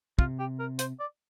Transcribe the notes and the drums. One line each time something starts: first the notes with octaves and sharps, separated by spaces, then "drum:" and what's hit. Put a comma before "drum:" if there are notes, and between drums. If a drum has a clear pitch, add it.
C3 F4, drum: kick
G4
A#4
C5, drum: hi-hat
D5